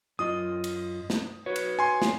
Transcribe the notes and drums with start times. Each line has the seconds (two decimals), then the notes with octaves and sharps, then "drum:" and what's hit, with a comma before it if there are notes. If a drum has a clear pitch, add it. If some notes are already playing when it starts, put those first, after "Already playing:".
0.19 F#2 F4 D#5 D#6
0.64 drum: cymbal
1.10 drum: snare
1.46 F#4 B4 C#5
1.56 drum: cymbal
1.79 G#5 C6
2.02 drum: snare